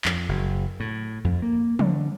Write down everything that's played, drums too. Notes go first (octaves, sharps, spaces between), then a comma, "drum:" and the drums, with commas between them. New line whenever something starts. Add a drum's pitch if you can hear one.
F2, drum: clap
F#1
A2
F2
A#3
D3, drum: tom